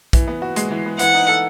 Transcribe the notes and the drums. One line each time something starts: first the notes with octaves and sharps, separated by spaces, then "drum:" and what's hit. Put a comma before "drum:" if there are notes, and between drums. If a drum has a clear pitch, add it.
E3, drum: kick, hi-hat
B3
F#4
G#3, drum: hi-hat
E3
B3
E3 F#5, drum: hi-hat
D#4
A4